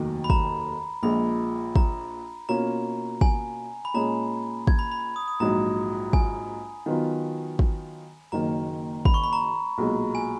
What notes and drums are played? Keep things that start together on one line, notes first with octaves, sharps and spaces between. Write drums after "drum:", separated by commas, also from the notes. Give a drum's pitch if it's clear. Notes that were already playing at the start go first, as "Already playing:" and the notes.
Already playing: F1 D#2 D#3 F#3
B5
A#5, drum: kick
A#1 A#2 G#3 B5
A#5, drum: kick
B2 A#3 C#4 F4 A#5
G#5, drum: kick
B5
A#2 G#3 C#4 G#4 A#5
G#6, drum: kick
B5
B5
D#6
D#6
A#1 G#2 F#3 A#5
G#5, drum: kick
D#3 F#3 B3 F4
drum: kick
F#1 F#2 D#3 A#3 A#5
B5, drum: kick
C#6
B5
A#5
B1 A#2 G#3
G#5